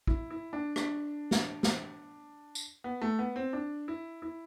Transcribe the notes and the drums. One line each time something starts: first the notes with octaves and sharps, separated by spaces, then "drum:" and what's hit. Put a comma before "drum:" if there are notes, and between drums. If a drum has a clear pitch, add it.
E4, drum: kick
E4
D4
D4, drum: rim click
drum: snare
drum: snare
drum: tambourine
B3
A3
B3
C4
D4
E4
E4